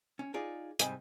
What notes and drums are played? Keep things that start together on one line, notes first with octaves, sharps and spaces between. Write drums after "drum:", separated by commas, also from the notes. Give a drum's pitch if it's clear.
C#4
D#4 F4 G#4 D5
C2 G#2 G3 C4 D#5 G#5, drum: hi-hat